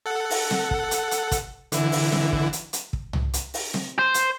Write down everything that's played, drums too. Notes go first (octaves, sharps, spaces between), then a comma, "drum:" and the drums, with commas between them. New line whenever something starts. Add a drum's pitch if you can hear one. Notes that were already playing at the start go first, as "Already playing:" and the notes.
A4 F#5
drum: open hi-hat
drum: snare C4
drum: kick
drum: hi-hat
drum: hi-hat
drum: kick, hi-hat
D3 E3 E4, drum: hi-hat
drum: open hi-hat
drum: snare C4
drum: kick
drum: hi-hat
drum: hi-hat
drum: kick
drum: tom
drum: hi-hat
drum: open hi-hat
drum: snare C4
C5
drum: hi-hat